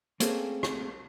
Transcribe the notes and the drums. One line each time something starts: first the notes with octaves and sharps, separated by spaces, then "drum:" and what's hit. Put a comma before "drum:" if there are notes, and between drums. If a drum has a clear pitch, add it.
A3 A#3 C4 C#4 G#4 A4, drum: hi-hat
drum: rim click